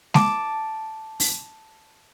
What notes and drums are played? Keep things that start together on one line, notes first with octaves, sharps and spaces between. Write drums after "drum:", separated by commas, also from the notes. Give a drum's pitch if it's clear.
A5 D6, drum: snare G#3
drum: open hi-hat